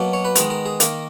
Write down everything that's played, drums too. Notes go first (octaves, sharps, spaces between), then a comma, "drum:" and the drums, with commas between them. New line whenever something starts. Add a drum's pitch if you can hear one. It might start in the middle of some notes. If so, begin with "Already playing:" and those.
Already playing: B2 F#3 A#3
C#5
B4
D#3 G#3 B3 A#4, drum: hi-hat
A#4
G#4
D#3 A#3 A#4, drum: hi-hat